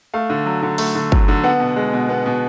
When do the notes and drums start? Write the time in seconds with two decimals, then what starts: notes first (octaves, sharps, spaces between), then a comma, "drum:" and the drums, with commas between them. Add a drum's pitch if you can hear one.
0.14 A3 F5
0.30 D3
0.46 F#3
0.62 D3
0.78 A3, drum: open hi-hat
0.95 D3
1.12 F#3, drum: kick
1.28 D3
1.44 B3 F#5
1.60 B2
1.76 G#3
1.93 B2
2.09 B3
2.26 B2